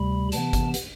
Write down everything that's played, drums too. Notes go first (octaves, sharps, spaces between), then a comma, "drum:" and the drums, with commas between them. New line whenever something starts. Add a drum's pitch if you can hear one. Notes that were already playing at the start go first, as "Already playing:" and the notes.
Already playing: D2 C3 G3 B5
C3 E3 B3 A5, drum: hi-hat
drum: kick G1, hi-hat
drum: hi-hat